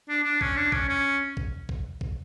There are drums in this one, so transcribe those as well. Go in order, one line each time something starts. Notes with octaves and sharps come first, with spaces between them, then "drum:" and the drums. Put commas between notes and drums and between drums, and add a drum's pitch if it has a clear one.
D4
D4
C#4, drum: kick A#1
D4
C#4, drum: kick A#1
C#4
drum: kick A#1
drum: kick A#1
drum: kick A#1